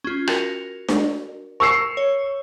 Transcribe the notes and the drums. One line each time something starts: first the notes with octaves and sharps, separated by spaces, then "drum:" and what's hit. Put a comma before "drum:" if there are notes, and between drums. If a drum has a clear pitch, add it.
C#4 F4
F#4 A#4, drum: rim click
drum: snare D4
A#4 C#6 E6 C7
C#5